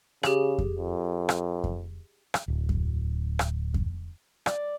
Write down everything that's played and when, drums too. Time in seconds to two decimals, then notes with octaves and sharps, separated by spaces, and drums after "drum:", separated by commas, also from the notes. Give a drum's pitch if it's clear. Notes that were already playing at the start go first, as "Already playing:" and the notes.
0.23 C#3 G4 G#4, drum: rim click
0.58 drum: kick F2
0.78 F2
1.29 drum: rim click
1.64 drum: kick F2
2.34 drum: rim click
2.48 D1
2.69 drum: kick F2
3.39 drum: rim click
3.74 drum: kick F2
4.46 D5, drum: rim click